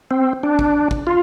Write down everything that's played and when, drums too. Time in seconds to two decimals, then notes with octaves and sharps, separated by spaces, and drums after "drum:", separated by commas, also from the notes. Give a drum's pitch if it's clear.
0.11 C4
0.43 D4
0.59 drum: kick
0.91 drum: kick
1.07 F4